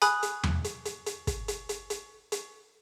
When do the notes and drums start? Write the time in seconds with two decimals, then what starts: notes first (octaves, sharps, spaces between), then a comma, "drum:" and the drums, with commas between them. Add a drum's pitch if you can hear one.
0.02 G#5 B5 D#6 F#6, drum: hi-hat
0.23 drum: hi-hat
0.43 drum: tom E2
0.64 drum: hi-hat
0.85 drum: hi-hat
1.06 drum: hi-hat
1.27 drum: kick, hi-hat
1.48 drum: hi-hat
1.69 drum: hi-hat
1.90 drum: hi-hat
2.32 drum: hi-hat